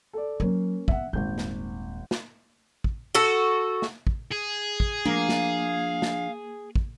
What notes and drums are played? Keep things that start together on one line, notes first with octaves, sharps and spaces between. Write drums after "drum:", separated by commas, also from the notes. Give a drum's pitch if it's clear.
A4 D5
F#3 A#3 C#4
E3 B3 E5 F#5, drum: kick
D#1 G#1 A#3 G6
drum: snare
drum: snare
drum: kick
F#4 A4
drum: snare
drum: kick
G#4
drum: kick
F3 A#3 D4 F5
drum: snare
drum: snare
drum: kick